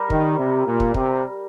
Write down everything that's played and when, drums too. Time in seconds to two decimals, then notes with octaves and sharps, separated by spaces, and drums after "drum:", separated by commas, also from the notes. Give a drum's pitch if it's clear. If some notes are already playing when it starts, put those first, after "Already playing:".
Already playing: G3 A#4
0.10 D#3, drum: kick
0.38 C3
0.66 A#2
0.80 drum: kick
0.94 C3, drum: kick